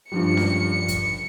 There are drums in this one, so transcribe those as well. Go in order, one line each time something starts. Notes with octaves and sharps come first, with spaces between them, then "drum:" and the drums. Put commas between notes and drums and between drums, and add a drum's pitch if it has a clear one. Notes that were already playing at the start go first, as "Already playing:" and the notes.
G2 F3 G3 C#7
drum: snare C#4
drum: kick, hi-hat